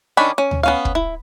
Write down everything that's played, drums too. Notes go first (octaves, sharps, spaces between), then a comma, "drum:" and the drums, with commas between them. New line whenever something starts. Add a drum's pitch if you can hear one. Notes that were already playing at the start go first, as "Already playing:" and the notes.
D#3 C#4 D4 C#5 B5
C#4
drum: tom D2
B3 C#4 F5
drum: kick
E4